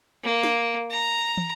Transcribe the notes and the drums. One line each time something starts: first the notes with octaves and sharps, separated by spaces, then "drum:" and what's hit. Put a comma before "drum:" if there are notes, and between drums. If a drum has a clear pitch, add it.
A#3
drum: snare
A#5
drum: tom